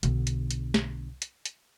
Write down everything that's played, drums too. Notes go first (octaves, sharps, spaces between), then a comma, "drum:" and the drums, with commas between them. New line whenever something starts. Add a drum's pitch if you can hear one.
B1 D3, drum: hi-hat
drum: hi-hat
drum: hi-hat
drum: snare
drum: hi-hat
drum: hi-hat